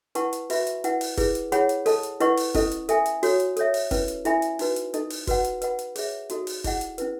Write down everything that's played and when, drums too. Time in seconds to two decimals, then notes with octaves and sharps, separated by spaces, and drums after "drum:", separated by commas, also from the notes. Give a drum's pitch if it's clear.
0.15 E4 B4 F#5 A5 C#6, drum: hi-hat
0.33 drum: hi-hat
0.50 F#4 B4 E5 B5, drum: open hi-hat
0.67 drum: hi-hat
0.84 E4 B4 F#5, drum: hi-hat
1.01 drum: open hi-hat
1.17 E4 G#4 B4, drum: kick, open hi-hat
1.35 drum: hi-hat
1.52 E4 G#4 C#5 F#5 B5, drum: hi-hat
1.69 drum: hi-hat
1.86 A4 D#5 A5, drum: open hi-hat
2.03 drum: hi-hat
2.20 E4 B4 D#5 F#5 C#6, drum: hi-hat
2.37 drum: open hi-hat
2.54 C#4 E4 A4 D#5, drum: kick, open hi-hat
2.71 drum: hi-hat
2.89 A4 E5 G#5, drum: hi-hat
3.06 drum: hi-hat
3.23 F#4 A4 C#5, drum: open hi-hat
3.40 drum: hi-hat
3.57 A4 C#5 E5, drum: hi-hat
3.74 drum: open hi-hat
3.91 C#4 E4 B4, drum: kick, open hi-hat
4.08 drum: hi-hat
4.25 E4 A4 E5 G#5 B5, drum: hi-hat
4.42 drum: hi-hat
4.59 D#4 F#4 B4, drum: open hi-hat
4.76 drum: hi-hat
4.94 D#4 A4 D#5, drum: hi-hat
5.10 drum: open hi-hat
5.27 F#4 B4 D#5 F#5, drum: kick, open hi-hat
5.44 drum: hi-hat
5.62 B4 D#5 F#5 B5, drum: hi-hat
5.79 drum: hi-hat
5.96 G#4 C#5 E5, drum: open hi-hat
6.30 D#4 F#4 A4 D#5, drum: hi-hat
6.47 drum: open hi-hat
6.64 E4 G#4 D#5 F#5, drum: kick, open hi-hat
6.81 drum: hi-hat
6.98 C#4 E4 B4, drum: hi-hat